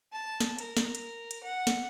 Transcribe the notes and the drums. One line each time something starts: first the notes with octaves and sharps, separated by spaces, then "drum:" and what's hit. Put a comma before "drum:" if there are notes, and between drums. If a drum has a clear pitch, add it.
A5
drum: snare
A#4, drum: hi-hat
drum: snare
drum: hi-hat
drum: hi-hat
F#5
drum: snare